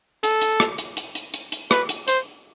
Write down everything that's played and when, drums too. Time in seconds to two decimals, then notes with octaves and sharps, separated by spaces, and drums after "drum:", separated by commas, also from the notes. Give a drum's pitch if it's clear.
0.23 A4, drum: hi-hat
0.41 drum: hi-hat
0.60 drum: rim click
0.78 drum: hi-hat
0.97 drum: hi-hat
1.15 drum: hi-hat
1.34 drum: hi-hat
1.52 drum: hi-hat
1.71 B4, drum: rim click
1.89 drum: hi-hat
2.08 C5, drum: hi-hat